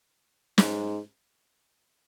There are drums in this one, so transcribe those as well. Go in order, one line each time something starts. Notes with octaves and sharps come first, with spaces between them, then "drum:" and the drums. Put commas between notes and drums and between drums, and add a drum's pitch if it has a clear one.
G#2, drum: snare